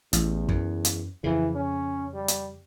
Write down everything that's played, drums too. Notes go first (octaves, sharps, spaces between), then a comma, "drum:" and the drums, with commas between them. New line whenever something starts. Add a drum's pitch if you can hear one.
A1 E2, drum: hi-hat
F#2, drum: kick
drum: hi-hat
F2 C#3 E3
C#4
G3
drum: hi-hat